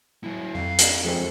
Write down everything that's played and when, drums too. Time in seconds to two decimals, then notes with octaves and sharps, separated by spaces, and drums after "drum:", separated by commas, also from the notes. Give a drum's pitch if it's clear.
0.24 F#3 E4
0.55 F2 F5
0.79 drum: hi-hat
1.04 F3 G#3 C4 A4